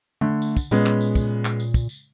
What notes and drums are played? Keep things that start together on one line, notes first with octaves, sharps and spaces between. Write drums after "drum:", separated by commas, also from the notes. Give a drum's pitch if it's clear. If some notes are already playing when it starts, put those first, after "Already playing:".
D3 A3
drum: tambourine
drum: kick, tambourine
A#2 G#3 B3 C#4, drum: tambourine
drum: clap
drum: tambourine
drum: kick, tambourine
drum: clap
drum: tambourine
drum: kick, tambourine
drum: tambourine